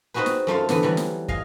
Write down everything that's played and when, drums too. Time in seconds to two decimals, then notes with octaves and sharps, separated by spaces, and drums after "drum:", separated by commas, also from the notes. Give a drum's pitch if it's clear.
0.14 B3 C4 D#4 F#4 G#4 B4
0.26 drum: snare
0.47 F#2 A3 F4 F5
0.69 D3 E3 B3, drum: snare
0.83 E3 F#3 G3
0.97 drum: snare
1.28 D#5 F5 G#5, drum: kick